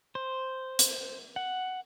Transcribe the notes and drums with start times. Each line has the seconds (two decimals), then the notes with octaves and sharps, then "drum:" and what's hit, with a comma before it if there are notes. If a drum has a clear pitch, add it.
0.15 C5
0.79 drum: hi-hat
1.36 F#5